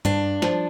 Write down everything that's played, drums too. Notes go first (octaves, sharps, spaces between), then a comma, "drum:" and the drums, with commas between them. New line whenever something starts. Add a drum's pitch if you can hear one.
G2 D4, drum: tom G2
F3, drum: snare